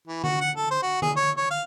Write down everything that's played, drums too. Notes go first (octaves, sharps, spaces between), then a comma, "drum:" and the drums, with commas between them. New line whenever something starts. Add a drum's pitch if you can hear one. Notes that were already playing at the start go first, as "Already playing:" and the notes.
E3
F#4, drum: tom D3
F#5
A4
C5
F#4
G#4, drum: tom D3
C#5
C#5
F5